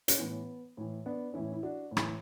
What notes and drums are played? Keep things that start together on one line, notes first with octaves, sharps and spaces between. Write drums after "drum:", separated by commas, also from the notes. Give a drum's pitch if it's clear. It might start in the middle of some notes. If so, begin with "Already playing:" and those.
C#4, drum: hi-hat
A2 E3 B3
A2 E3
B3 D4
A2 E3 C#4 E4
E4
D4 F#4
A2
E3, drum: rim click